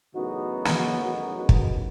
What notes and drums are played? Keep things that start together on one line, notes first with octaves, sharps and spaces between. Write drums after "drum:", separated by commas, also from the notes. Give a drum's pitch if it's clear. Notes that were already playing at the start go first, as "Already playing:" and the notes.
A1 F#2 C#3 B3 D#4 F#4
drum: snare
drum: kick